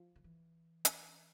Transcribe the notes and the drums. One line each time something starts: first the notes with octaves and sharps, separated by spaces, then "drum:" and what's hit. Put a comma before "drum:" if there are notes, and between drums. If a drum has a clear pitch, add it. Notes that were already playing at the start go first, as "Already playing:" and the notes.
Already playing: F3
D3
E3
drum: hi-hat